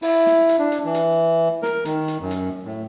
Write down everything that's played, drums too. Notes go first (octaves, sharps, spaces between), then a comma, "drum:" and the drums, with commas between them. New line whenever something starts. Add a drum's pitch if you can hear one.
E4, drum: open hi-hat
drum: snare
drum: hi-hat
D4
drum: hi-hat
E3
drum: hi-hat
A#4, drum: snare
D#3, drum: hi-hat
drum: hi-hat
F#2
drum: hi-hat
A2